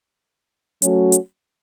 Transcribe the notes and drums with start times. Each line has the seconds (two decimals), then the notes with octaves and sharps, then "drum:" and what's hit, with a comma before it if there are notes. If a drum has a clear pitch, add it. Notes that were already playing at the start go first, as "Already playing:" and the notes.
0.82 F#3 A3 C#4 F#4, drum: hi-hat
1.12 drum: hi-hat